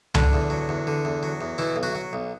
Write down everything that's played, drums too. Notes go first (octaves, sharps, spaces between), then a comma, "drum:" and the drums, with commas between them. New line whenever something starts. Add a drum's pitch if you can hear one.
D3 D4, drum: tom C#2
E2
F#3
E2
D3
E2
F#3
E2
B2 E3 E4
B1
F#3 F#4
F#3
B1